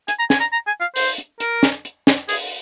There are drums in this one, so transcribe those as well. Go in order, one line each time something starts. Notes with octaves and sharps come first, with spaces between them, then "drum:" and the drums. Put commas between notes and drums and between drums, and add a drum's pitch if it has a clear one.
G#5, drum: hi-hat
A#5
G#5, drum: snare
A#5
A#5
G#5
F5
C5, drum: open hi-hat
drum: hi-hat
A#4, drum: hi-hat
drum: snare
drum: hi-hat
drum: snare
G#4, drum: open hi-hat